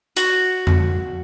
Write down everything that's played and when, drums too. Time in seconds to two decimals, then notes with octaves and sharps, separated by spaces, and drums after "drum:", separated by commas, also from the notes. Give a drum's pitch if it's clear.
0.17 F#4, drum: hi-hat
0.67 drum: tom F2